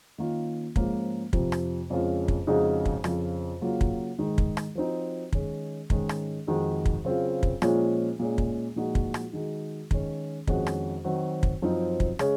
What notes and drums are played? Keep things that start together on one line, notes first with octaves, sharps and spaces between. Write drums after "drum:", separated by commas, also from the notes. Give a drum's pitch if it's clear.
D#3 A#3 C#4 F4
G#2 F3 A#3 C#4 F4, drum: kick
F2 C3 F3, drum: kick
drum: rim click
F2 C#3 G#3 C#4 F4
drum: kick
F2 C#3 G#3 D#4 F#4
drum: kick
F2 C#3 F3, drum: rim click
C#3 F#3 A#3 F4
drum: kick
G#2 D#3 G#3 D#4
drum: kick
drum: rim click
F3 C4 D#4 F#4
D#3 G#3 C#4, drum: kick
G#2 D#3 G#3 C#4, drum: kick
drum: rim click
F2 D#3 G#3 D#4 F#4
drum: kick
C#3 F#3 C4 F4
drum: kick
A#2 F3 G#3 C#4 F4, drum: rim click
A#2 G#3 C#4
drum: kick
A#2 F3 G#3 D#4 F#4
drum: kick
drum: rim click
D#3 G#3 D#4 F#4
D#3 G#3 C#4, drum: kick
F2 D#3 G#3 C#4 F#4, drum: kick
drum: rim click
D#3 F#3 C4 F#4
drum: kick
F#2 F3 C4 D#4
drum: kick
C#3 G#3 C#4, drum: rim click